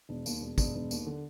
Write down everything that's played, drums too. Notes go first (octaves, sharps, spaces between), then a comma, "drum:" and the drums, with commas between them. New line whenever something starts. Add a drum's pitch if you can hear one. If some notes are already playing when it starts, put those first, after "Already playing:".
E1
D#2, drum: tambourine
E1
E1, drum: kick, tambourine
E1
D#2, drum: tambourine
D3